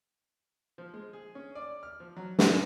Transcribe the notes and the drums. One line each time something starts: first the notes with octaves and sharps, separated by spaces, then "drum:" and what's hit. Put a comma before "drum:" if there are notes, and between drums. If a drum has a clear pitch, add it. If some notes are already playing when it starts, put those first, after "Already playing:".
F3
G#3
G#4
C#4
D5
F6
F3
F#3
F2, drum: snare